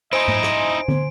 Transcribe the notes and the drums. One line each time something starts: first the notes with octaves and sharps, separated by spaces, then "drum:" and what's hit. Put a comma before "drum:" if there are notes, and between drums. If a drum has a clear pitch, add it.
D#4 E4 C5 D#5 G#5 C6 D7
drum: tom G#2
drum: rim click
drum: tom